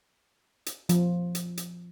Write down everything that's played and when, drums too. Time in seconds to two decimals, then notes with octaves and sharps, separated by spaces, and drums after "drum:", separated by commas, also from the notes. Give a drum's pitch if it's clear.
0.66 drum: hi-hat
0.89 F3, drum: hi-hat
1.35 drum: hi-hat
1.57 drum: hi-hat